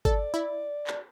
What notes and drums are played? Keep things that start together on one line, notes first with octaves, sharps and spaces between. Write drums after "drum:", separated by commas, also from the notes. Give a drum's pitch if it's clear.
A4 D5, drum: kick G1
E4
drum: clap